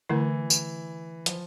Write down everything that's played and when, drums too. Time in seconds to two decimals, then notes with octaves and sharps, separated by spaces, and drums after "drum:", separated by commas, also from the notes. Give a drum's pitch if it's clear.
0.09 D3 E3 A3 E4
0.50 drum: tambourine
1.26 F3, drum: hi-hat